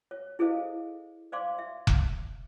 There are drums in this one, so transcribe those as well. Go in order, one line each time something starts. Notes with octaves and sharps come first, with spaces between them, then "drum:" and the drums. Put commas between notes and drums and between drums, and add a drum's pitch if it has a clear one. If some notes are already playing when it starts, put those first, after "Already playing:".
C#5
E4 G#4 A4 C5 D#5 F5
C5 D5 F5 C6 D6
E5
drum: kick F1